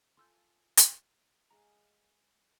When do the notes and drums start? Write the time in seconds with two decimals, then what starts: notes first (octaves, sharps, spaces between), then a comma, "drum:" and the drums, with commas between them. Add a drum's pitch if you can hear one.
0.17 F4 A4 G#5 C6 E6 G6
0.77 drum: hi-hat
1.51 G#3 G#4 F5 A#5